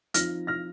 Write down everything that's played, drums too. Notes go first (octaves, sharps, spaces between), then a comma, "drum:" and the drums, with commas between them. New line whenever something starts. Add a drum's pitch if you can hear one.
F3 C4 D#4 F6 A#6, drum: hi-hat
F6 A#6